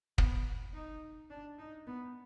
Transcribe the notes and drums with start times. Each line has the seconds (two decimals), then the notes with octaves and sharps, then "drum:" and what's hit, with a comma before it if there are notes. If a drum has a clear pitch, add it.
0.18 B3, drum: kick
0.74 D#4
1.31 D4
1.59 D#4
1.87 B3